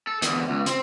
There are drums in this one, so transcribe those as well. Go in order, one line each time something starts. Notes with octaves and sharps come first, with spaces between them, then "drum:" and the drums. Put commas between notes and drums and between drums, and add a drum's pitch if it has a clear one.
A4
E2 D3, drum: hi-hat
C#2
C4, drum: hi-hat